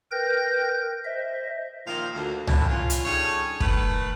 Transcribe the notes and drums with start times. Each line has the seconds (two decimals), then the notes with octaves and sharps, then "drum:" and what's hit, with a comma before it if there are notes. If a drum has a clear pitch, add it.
0.11 A#4 B4 G5 G6 A#6
1.04 C5 D#5 E5
1.87 A#2 D#3 F3 A#4 C5 F5
2.14 D2
2.47 A2 D3 E3 F3 A3, drum: tom C2
2.70 C#4 F4
2.90 drum: hi-hat
3.05 G3 D4 D#4 G#4 A4 C#5
3.60 D#3 A3 B4, drum: kick